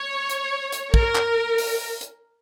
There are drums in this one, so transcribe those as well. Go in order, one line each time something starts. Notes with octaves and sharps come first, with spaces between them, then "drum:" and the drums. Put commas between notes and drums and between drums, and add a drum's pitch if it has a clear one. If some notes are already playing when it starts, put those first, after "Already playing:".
Already playing: C#5
drum: hi-hat
drum: hi-hat
A#4, drum: kick
drum: clap
drum: open hi-hat
drum: hi-hat